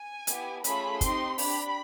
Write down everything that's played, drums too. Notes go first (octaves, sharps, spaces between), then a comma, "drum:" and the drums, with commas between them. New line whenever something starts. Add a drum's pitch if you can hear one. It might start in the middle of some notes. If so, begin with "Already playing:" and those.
Already playing: G#5
B3 E4 G4, drum: hi-hat
A3 C#4 F4 G#4 B5, drum: hi-hat
C4 D#4 G4 C6, drum: kick, hi-hat
D4 G4 B5, drum: open hi-hat